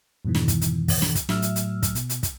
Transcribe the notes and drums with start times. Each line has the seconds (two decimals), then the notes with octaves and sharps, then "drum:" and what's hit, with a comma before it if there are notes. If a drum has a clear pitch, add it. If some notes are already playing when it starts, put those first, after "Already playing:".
0.25 F2 G#2 B2 D#3 E3
0.35 drum: snare
0.48 drum: kick, hi-hat
0.61 drum: hi-hat
0.88 drum: kick, open hi-hat
1.02 drum: snare
1.15 drum: kick, hi-hat
1.29 A2 F#3 E5 E6 F6, drum: snare
1.42 drum: hi-hat
1.56 drum: hi-hat
1.83 drum: kick, hi-hat
1.95 B2, drum: hi-hat
2.09 drum: hi-hat
2.23 drum: kick, hi-hat